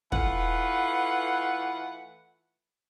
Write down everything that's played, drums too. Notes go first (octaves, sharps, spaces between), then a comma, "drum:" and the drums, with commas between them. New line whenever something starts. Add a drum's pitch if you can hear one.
E3 A3 F4 B4 F#5, drum: kick